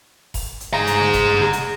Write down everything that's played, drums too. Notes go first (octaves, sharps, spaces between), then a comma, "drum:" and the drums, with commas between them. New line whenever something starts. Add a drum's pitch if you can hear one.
drum: kick F1, open hi-hat
drum: hi-hat
G#4 A#5
drum: hi-hat
drum: snare
drum: kick F1, hi-hat
drum: snare
drum: hi-hat